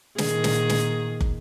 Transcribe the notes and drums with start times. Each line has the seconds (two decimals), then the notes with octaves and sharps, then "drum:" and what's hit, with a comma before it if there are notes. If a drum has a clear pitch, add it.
0.18 A#2 D#3 G#4, drum: snare
0.44 drum: snare
0.69 drum: snare
1.21 drum: kick